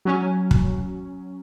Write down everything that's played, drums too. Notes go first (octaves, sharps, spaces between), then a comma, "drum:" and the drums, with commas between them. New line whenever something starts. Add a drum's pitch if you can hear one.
F#3 C#4
drum: kick